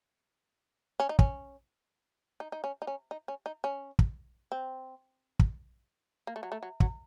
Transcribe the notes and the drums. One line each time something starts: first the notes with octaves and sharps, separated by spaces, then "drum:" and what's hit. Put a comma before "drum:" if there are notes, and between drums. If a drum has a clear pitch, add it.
C#4
D#4
C#4, drum: kick
D#4
D#4
C#4
D#4
C#4
D#4
C#4
D#4
C#4
drum: kick
C4
drum: kick
A#3
A3
F#3
A3
F#3
F#3, drum: kick